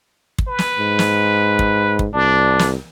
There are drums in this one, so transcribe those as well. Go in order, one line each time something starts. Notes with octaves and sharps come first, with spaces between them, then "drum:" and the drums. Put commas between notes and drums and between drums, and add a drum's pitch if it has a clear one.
drum: kick
B4
drum: snare
G#2
drum: snare
drum: kick
drum: kick
C2 D4
drum: snare